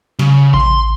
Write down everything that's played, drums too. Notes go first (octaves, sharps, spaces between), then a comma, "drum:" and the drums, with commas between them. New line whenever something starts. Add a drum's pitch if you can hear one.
C#3, drum: snare
C6, drum: kick A1